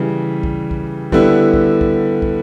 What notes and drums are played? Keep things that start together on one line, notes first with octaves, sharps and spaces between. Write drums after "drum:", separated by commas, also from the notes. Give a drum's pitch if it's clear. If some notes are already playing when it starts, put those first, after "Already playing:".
Already playing: C#3 E3 G3
drum: kick
drum: kick
D3 G3 B3 E4, drum: kick
drum: kick
drum: kick
drum: kick